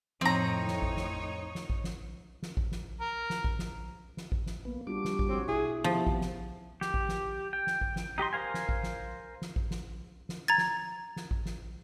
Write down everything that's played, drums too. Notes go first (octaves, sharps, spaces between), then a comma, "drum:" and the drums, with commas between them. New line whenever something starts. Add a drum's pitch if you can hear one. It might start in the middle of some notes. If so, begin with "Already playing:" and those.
F2 A2 C4 D#4 C#5 A#5
drum: snare
drum: kick A1
drum: snare
drum: snare
drum: kick A1
drum: snare
drum: snare
drum: kick A1
drum: snare
A#4
drum: snare
drum: kick A1
drum: snare
drum: snare
drum: kick A1
drum: snare
A#3 B3
G3 D4 F4 F#4 D6
drum: snare
drum: kick A1
C4 F#4 C#5
B2 E4 G#4
C3 F3 B3 C4
drum: kick A1
drum: snare
G4, drum: snare
drum: kick A1
drum: snare
G5
drum: snare
drum: kick A1
drum: snare
D#4 G4 D#5 C6
A#4 C5 F5 G#5
drum: snare
drum: kick A1
drum: snare
drum: snare
drum: kick A1
drum: snare
drum: snare
A#5 G#6 A6
drum: snare
drum: snare
drum: kick A1
drum: snare